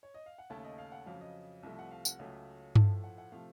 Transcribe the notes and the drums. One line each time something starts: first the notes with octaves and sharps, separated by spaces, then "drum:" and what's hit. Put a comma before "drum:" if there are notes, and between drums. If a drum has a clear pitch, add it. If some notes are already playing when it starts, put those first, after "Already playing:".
C#5
D#5
F5
F#5
D#2 C#3 A3 A5
D#5
F5
F#5
F2 C#3 F#3 F5
D#5
C2 C3 F3 A3
F#5
F5
F#5, drum: tambourine
C#2 C#3 F#3 A3
A2 F3 A3 A5, drum: tom G2
F#5
F#5
C3 F3 A3 F5